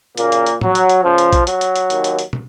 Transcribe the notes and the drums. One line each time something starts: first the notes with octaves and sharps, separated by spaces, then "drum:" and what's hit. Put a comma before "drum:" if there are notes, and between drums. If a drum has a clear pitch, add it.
F#2 A#2 C#3 A#3, drum: hi-hat
drum: hi-hat
drum: hi-hat
F#3, drum: tom
drum: hi-hat
drum: hi-hat
C#2 C#3 F3
drum: hi-hat
drum: kick, hi-hat
F#3, drum: hi-hat
drum: hi-hat
drum: hi-hat
D#2 D#3, drum: hi-hat
drum: hi-hat
drum: hi-hat
drum: tom